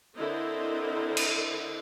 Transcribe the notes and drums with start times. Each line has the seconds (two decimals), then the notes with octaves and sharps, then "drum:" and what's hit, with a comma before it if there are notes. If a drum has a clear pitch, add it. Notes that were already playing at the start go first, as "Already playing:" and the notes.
0.16 D3 C4 E4 A#4 C5 D#5
1.17 drum: cymbal